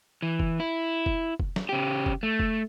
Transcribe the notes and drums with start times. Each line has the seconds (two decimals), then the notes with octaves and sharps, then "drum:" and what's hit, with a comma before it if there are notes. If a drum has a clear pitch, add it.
0.22 E3
0.40 drum: kick F1
0.60 E4
1.06 drum: kick F1
1.40 drum: kick F1
1.56 drum: snare
1.69 C#3 G4
2.06 drum: kick F1
2.23 A3
2.40 drum: kick F1